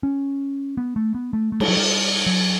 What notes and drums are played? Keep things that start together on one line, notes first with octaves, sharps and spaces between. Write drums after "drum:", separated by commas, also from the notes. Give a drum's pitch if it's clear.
C#4
B3
A3
B3
A3
A3
G3, drum: cymbal
F#3
G3
F#3